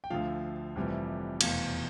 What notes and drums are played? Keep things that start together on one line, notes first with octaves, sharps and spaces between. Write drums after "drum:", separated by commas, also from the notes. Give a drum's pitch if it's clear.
G5
D2 D3 F3 F5
F1 F2 C3 E3 G3
F1 E2 B2 F5, drum: cymbal